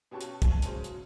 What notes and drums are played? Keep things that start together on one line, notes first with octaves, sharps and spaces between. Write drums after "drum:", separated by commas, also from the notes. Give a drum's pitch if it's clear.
B2 C#4 G4 A5 C#6 F#6
drum: hi-hat
G#5 A5 D#7 F#7, drum: kick, hi-hat
C#3 F#3 G#3 C#4 C5, drum: hi-hat
B2 F#3, drum: hi-hat